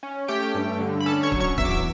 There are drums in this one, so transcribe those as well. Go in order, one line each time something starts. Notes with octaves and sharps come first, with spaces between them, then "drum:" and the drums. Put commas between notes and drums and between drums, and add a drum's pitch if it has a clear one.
C#4
A3 G4 G5
G2
D3
B5
C#4 A4 A5
C#5 C#6
F#3, drum: kick C#1
C#5 C#6
E2 E5 E6, drum: kick C#1
D6
E5 E6